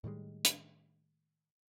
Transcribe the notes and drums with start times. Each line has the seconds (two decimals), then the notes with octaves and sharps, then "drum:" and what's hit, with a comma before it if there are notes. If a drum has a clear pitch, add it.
0.04 A2 D#3 G3 G#3
0.45 drum: hi-hat